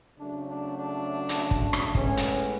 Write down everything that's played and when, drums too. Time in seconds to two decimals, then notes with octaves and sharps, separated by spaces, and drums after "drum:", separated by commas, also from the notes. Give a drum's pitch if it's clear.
0.18 C#3 F#3 A3 D4
0.47 D4
0.77 D4
1.29 drum: hi-hat
1.51 drum: kick
1.73 drum: rim click
1.95 A2 G#3 B3 C#4, drum: kick
2.17 drum: hi-hat